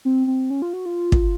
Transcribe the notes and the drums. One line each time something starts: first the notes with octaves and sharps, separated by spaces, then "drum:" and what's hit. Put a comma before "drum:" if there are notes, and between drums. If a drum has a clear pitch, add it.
C4
C4
C#4
F4
F#4
F4
drum: kick